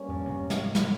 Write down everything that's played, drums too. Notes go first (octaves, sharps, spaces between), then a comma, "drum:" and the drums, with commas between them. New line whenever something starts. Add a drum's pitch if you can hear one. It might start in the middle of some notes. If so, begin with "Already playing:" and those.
Already playing: G2 G3 A#3 C#4
F2 G#2
G#2 C3
drum: snare
drum: snare